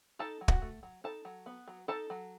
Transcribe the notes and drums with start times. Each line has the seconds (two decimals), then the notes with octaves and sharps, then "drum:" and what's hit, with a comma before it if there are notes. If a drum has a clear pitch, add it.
0.19 D#4 A4 A5
0.41 F#3
0.48 F#4 F#5, drum: kick
0.62 A3
0.83 F#3
1.04 D#4 A4 A5
1.25 F#3
1.46 B3
1.68 F#3
1.88 D#4 A4 A5
2.10 F#3